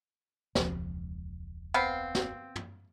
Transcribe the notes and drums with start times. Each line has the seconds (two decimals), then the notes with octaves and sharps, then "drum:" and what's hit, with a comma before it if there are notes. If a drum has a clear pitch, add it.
0.55 E1 C#2 F3, drum: snare
1.74 B3 C4 F5
2.15 drum: snare
2.56 drum: tom